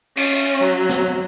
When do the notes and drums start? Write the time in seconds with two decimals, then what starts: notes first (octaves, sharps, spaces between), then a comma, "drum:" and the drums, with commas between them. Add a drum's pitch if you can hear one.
0.17 C#4, drum: cymbal
0.61 F#3
0.89 drum: snare B3